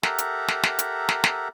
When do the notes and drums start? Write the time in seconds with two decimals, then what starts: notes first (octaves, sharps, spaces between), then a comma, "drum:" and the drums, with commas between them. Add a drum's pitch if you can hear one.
0.03 G4 A4 A#4 E5 F#5 A#5, drum: snare
0.18 drum: hi-hat
0.49 drum: snare
0.64 drum: snare
0.79 drum: hi-hat
1.09 drum: snare
1.24 drum: snare